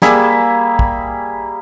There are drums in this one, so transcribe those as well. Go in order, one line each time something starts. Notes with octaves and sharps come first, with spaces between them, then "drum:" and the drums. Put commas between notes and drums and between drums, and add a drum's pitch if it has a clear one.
G3 A#3 G#4 E5, drum: snare
drum: kick